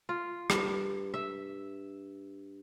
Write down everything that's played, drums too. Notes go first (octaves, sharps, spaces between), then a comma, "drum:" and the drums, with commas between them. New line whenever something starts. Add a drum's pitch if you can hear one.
F4
G2, drum: rim click
E5